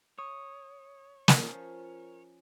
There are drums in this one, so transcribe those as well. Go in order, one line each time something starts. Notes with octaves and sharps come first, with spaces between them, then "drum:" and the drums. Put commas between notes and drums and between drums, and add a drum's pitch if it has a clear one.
C#5 D#6
drum: snare
F3 C#4 A#4